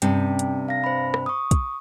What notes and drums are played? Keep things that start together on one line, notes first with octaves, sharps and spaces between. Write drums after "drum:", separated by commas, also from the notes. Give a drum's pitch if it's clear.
G2 C3 C#4 G5, drum: hi-hat
drum: hi-hat
F5 A#6
C5 B5
drum: rim click
C#6 D#6
drum: kick, hi-hat